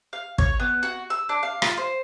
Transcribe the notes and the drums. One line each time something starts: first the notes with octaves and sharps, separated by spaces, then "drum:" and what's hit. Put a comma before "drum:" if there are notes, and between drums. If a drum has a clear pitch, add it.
F5
C#5, drum: kick
B3
F#4
E6
D4
F5
F4, drum: rim click
C5